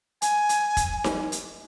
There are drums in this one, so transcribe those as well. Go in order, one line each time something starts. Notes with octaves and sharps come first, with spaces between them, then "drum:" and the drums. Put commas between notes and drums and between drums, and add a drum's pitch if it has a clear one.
G#5, drum: hi-hat
drum: hi-hat
drum: kick, hi-hat
drum: snare D#4
drum: hi-hat